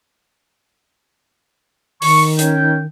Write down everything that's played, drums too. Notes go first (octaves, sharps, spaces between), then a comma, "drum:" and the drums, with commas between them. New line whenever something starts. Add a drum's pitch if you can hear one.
D#3 C#6, drum: open hi-hat
C#4 C#5 G5, drum: hi-hat